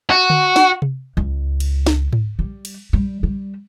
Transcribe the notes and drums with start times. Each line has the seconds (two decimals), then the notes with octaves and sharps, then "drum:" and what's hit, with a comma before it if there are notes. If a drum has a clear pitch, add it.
0.10 F#4
0.30 drum: tom D3
0.56 drum: snare
0.82 drum: tom C3
1.17 C#2
1.60 drum: cymbal
1.86 drum: snare
2.13 drum: tom G#2
2.39 G3
2.65 drum: cymbal
2.93 G3
3.23 G3